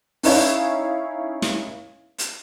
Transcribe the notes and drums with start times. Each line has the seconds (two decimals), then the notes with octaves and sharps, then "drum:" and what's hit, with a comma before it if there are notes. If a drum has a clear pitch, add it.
0.23 C#4 D#4 E4 C#5 F5, drum: open hi-hat
1.42 drum: snare
2.18 drum: hi-hat